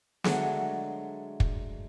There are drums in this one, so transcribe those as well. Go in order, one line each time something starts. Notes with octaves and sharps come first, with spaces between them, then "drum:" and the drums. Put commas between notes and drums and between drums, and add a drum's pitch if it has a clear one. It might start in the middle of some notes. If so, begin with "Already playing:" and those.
D3 F#3 G#3 A3, drum: snare
drum: kick